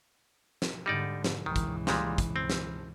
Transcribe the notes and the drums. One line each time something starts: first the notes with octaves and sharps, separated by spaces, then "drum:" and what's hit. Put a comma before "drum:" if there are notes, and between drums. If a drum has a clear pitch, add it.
drum: snare
G#2 D3 G3 D#4 D5
drum: snare
C#2 D#3 E3
drum: kick, hi-hat
A#2 G3 G#3, drum: snare
drum: kick, hi-hat
C4
drum: snare